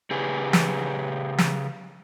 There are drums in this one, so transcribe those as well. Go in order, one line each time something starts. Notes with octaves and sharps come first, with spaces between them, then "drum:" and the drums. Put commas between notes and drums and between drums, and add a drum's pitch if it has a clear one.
C#3 G4 G#4 B4
drum: snare
drum: snare